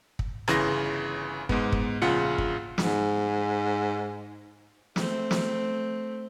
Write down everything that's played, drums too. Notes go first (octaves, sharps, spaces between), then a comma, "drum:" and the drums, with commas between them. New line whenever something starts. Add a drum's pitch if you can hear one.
drum: kick
G1 C#3 E3 C6 A#6, drum: rim click
G#2 G#3 B3, drum: kick
drum: kick
A#1 C#3 F4 F#5 C#7
drum: kick
G#2, drum: snare
A3 C4, drum: snare
drum: snare